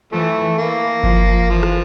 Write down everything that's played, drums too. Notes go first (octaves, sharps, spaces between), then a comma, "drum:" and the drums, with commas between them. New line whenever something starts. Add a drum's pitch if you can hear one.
E3 F3 A3
E3 A#3
F3, drum: kick G1
E3 F3
drum: rim click